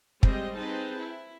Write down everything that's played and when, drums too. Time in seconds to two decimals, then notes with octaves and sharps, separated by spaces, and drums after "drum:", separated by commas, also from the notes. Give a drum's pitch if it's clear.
0.23 G3 G#3 C4 G4 C5 D#5, drum: kick
0.59 C4 D#4 G#4 B4 A5
0.99 E4